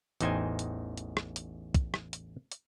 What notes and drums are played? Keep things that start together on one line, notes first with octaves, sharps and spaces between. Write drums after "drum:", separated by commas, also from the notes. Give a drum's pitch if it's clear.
A1 E2 D#4 C5 G5 G#5, drum: hi-hat
drum: hi-hat
drum: hi-hat
drum: rim click
drum: hi-hat
drum: kick, hi-hat
drum: rim click
drum: hi-hat
drum: hi-hat